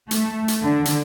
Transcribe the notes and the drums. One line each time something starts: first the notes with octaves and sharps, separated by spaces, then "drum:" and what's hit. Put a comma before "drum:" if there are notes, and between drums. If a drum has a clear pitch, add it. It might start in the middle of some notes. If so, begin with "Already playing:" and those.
A3, drum: hi-hat
drum: hi-hat
D3
drum: hi-hat